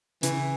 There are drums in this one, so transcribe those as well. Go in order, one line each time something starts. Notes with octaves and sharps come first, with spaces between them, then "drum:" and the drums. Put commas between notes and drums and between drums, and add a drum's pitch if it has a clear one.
C#3 E3, drum: hi-hat